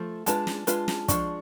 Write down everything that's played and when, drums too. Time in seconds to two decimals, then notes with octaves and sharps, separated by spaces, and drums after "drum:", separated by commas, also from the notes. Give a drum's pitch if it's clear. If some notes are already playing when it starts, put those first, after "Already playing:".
Already playing: F3 A3
0.26 G#3 D4 F4 B4 A5, drum: hi-hat
0.47 drum: snare
0.67 G#3 D4 F4 B4, drum: hi-hat
0.88 drum: snare
1.08 F3 G#3 D4 C#6, drum: kick, hi-hat